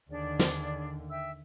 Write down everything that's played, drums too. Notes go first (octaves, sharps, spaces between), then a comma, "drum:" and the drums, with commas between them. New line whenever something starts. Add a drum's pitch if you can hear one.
D#2 D3 D4 G#4 D5
drum: snare
E5 G5 E6